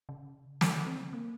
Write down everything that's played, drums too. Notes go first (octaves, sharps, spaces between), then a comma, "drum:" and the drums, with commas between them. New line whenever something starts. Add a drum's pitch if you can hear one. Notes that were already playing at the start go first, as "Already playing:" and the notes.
C#3
C#3, drum: snare
C4
A#3